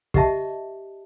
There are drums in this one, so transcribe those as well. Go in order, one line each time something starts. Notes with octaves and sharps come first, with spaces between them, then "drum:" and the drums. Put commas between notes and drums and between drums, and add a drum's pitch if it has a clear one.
G4 D#5 E5 A5, drum: kick